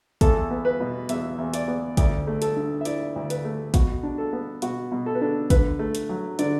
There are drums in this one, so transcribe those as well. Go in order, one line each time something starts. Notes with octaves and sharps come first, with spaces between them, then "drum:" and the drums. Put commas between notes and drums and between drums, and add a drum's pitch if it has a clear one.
E2 A4, drum: kick, hi-hat
B3
B4
B2
E2 E5, drum: hi-hat
E2
D5, drum: hi-hat
B3
D2 D5, drum: kick, hi-hat
A3
A4, drum: hi-hat
D3
E5
E4 D5, drum: hi-hat
D2
B4, drum: hi-hat
A3
B2 F#4, drum: kick, hi-hat
D4
A4
B3
B2 F#4, drum: hi-hat
B2
A4
B4
D4 A4
D3 B4, drum: kick, hi-hat
A3
drum: hi-hat
F#3
D3 D5, drum: hi-hat